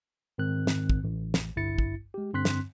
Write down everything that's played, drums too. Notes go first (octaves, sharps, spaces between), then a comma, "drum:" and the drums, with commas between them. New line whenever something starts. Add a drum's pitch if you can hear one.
G#2 D#3 C4 F#6
drum: snare
drum: kick
A1
drum: snare
G1 C2 G2 E4 A6 C#7
drum: kick
G#3 G4
G2 D3 C4 C6 F#6 B6
drum: snare